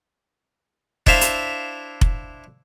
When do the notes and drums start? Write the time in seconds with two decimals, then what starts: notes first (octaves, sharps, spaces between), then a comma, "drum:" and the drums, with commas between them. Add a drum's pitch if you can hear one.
1.07 D4 E4 C5 E5 F5, drum: kick F1
1.21 drum: hi-hat
2.01 drum: kick F1